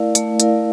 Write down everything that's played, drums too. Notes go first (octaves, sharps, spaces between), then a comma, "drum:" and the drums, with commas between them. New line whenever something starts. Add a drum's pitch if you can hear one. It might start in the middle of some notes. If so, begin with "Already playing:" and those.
Already playing: A3 E4 A#4 D5 F5
A3, drum: hi-hat
E4 A#4 D5 F5, drum: hi-hat